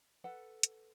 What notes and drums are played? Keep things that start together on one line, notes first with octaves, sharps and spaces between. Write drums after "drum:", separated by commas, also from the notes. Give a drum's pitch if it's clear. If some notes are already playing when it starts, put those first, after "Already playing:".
A4 B4 F#5
drum: hi-hat